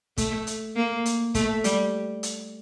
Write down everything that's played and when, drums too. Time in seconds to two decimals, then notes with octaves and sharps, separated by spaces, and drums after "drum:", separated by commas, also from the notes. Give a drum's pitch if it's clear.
0.17 A3, drum: kick, hi-hat
0.47 drum: hi-hat
0.76 A#3
1.05 drum: hi-hat
1.35 A3, drum: kick, hi-hat
1.64 G3, drum: hi-hat
2.23 drum: hi-hat